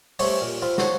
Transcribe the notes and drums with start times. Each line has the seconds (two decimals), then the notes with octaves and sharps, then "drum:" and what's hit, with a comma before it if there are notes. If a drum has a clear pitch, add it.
0.19 G3 A3 C4 G4 C#5 D6, drum: open hi-hat
0.41 A#2
0.62 C4 F4 B5
0.78 F#4 A4 C5 C#5, drum: snare